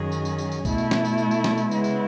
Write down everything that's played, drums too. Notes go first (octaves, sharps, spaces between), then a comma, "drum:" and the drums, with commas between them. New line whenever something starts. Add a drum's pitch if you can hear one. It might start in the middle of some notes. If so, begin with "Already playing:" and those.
Already playing: F#2 D#3 F#3 C#4 G#4
drum: tambourine
drum: tambourine
drum: tambourine
drum: tambourine
B2 A3 E4, drum: kick C2, tambourine
drum: tambourine
drum: snare
drum: tambourine
drum: tambourine
drum: tambourine
drum: snare
drum: tambourine
C#3 G#3 B3 E4, drum: tambourine
drum: tambourine